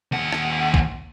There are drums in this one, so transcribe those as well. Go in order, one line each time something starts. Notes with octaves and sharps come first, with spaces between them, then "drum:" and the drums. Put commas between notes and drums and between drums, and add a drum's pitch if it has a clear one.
D#2 F#5
drum: rim click
drum: kick